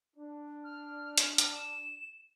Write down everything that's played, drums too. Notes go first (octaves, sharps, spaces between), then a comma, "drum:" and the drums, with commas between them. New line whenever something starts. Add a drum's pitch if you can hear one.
D4
F6
drum: hi-hat
drum: hi-hat
E7